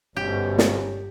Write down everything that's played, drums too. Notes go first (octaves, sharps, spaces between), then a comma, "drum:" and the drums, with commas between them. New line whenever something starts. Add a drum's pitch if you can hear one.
G1 D2 G#2 B2 C#4 G4
drum: snare